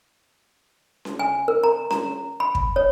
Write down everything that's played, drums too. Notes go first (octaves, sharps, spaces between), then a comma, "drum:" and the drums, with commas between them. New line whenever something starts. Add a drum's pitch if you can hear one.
drum: snare C#4
G#5
A#4
A#5
A#5, drum: snare C#4
B5
drum: kick
C#5